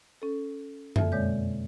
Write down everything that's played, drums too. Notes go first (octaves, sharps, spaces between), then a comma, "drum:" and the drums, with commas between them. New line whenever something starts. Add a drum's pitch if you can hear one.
C#4 A4
F2 D3 A#3 A4 E5, drum: tom F#2
B2 G#3 C4 C#5 D5 G6